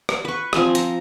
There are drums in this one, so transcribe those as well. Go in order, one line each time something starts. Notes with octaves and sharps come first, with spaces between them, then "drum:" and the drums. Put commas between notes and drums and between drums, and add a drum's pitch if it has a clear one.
drum: rim click
B4 C#6
F3 C4 G#5, drum: rim click
A#5, drum: hi-hat